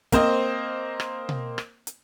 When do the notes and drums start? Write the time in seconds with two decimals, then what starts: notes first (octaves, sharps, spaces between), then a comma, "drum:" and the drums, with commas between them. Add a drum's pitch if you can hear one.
0.12 A#3 C4 C5 D#5, drum: kick, hi-hat
1.00 drum: rim click
1.29 drum: tom B2
1.58 drum: rim click
1.87 drum: hi-hat